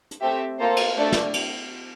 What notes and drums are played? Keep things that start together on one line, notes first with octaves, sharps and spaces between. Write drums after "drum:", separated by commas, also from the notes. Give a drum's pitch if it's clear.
drum: hi-hat
A3 C4 G4 E5
A#3 F4 A4 C5
drum: cymbal
A3 D4 A4 D5
drum: snare
drum: cymbal